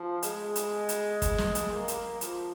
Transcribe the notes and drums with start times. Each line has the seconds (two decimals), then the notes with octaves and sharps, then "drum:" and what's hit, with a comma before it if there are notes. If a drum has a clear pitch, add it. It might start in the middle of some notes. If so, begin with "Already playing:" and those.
Already playing: F3
0.23 G#3, drum: hi-hat
0.56 drum: hi-hat
0.89 drum: hi-hat
1.22 drum: kick, hi-hat
1.38 drum: snare
1.55 drum: hi-hat
1.72 A#3
1.88 drum: hi-hat
2.21 F3, drum: hi-hat